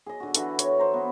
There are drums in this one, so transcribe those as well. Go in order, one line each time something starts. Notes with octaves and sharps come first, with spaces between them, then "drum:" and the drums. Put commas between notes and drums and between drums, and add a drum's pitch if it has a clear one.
G#4 D#5
D3 F#4
D3 E3 F#4 A4, drum: hi-hat
C#5, drum: hi-hat
C5 A#5
B3